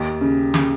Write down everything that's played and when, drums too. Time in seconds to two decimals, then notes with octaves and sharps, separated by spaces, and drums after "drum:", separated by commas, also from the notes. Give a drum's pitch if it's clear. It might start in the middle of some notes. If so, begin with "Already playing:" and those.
Already playing: D#2
0.21 C#3
0.54 C#3, drum: snare